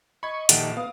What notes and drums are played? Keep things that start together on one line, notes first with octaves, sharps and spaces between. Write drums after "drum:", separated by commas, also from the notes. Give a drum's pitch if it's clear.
D#5 B5 C#6 G#6
A#1 D#3 G4 A4 F#5 D7, drum: hi-hat
B3 F5 D#6